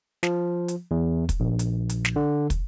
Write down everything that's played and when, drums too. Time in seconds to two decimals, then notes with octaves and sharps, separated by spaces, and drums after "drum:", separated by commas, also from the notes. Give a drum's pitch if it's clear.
0.23 F3, drum: snare
0.68 drum: hi-hat
0.91 E2
1.29 drum: kick, hi-hat
1.40 A#1
1.59 drum: hi-hat
1.89 drum: hi-hat
2.05 drum: snare
2.16 D3
2.50 drum: kick, hi-hat